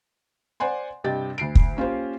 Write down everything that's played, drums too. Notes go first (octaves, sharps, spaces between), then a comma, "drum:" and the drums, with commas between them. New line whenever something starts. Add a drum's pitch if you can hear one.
C5 D5 F#5 G#5 C6
G2 C3 D#5 G5 A6
D2 C7 D7
drum: kick
A#3 C#4 F4 G4 C5